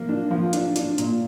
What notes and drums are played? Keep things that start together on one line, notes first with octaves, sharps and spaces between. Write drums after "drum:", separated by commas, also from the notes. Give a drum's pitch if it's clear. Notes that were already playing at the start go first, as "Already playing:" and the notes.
Already playing: F3 A#3
D4
F3
D4, drum: hi-hat
D4, drum: hi-hat
A#2, drum: hi-hat